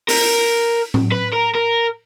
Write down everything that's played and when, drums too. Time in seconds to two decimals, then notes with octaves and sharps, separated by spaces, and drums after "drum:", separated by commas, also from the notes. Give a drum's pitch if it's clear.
0.09 A#4, drum: open hi-hat
0.94 drum: tom
1.12 B4
1.33 A#4
1.55 A#4